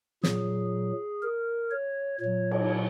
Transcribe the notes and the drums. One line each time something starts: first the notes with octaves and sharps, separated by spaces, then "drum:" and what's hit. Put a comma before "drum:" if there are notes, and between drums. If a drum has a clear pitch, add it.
A#2 F#3 G#4, drum: snare
A#4
C#5
A#2 F#3 C#5
drum: cymbal